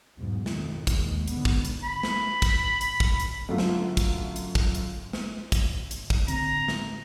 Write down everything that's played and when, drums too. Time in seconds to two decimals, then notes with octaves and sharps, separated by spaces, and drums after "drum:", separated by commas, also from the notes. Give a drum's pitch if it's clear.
0.17 B1 E2 G#2
0.46 A1 F2 D#3, drum: snare
0.87 D#2 G#3, drum: kick, hi-hat
1.28 G#2 D3 B3, drum: hi-hat
1.45 drum: kick
1.65 drum: hi-hat
1.84 B5
2.03 drum: snare
2.42 drum: kick, hi-hat
2.81 drum: hi-hat
3.00 drum: kick
3.20 drum: hi-hat
3.49 F#2 D3 A3 F4
3.58 drum: snare
3.97 drum: kick, hi-hat
4.36 drum: hi-hat
4.55 drum: kick
4.75 drum: hi-hat
5.13 drum: snare
5.52 drum: kick, hi-hat
5.91 drum: hi-hat
6.10 drum: kick
6.28 A2 D3 C4 A#5, drum: hi-hat
6.68 drum: snare